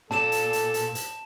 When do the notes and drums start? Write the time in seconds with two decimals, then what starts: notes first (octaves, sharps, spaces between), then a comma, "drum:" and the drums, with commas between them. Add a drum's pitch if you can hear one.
0.11 A#2 A4 A5 E7, drum: snare
0.32 drum: hi-hat
0.53 drum: hi-hat
0.74 drum: hi-hat
0.95 drum: hi-hat